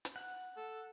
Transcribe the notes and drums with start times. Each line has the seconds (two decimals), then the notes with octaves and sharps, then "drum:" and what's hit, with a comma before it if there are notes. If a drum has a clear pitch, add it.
0.05 drum: hi-hat
0.16 F#5
0.57 A4